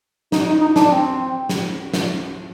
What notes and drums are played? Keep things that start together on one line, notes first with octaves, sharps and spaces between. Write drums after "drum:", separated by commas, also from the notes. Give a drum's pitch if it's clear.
D#4, drum: snare
D#4
D#4
D4, drum: snare
C4
drum: snare
drum: snare